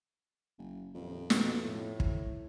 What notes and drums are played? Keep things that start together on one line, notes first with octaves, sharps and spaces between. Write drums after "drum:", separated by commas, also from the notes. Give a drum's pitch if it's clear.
F#1
D#1 F2
B2, drum: snare
A2
drum: kick